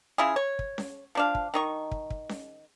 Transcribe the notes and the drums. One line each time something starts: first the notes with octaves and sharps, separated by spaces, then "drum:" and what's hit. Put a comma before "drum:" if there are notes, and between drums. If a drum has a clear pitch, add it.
C#3 E4 F4 G#4
C#5
drum: kick
drum: snare C#4
F3 D4 F5
drum: kick
D#3 D#4 C#6
drum: kick
drum: kick
drum: snare C#4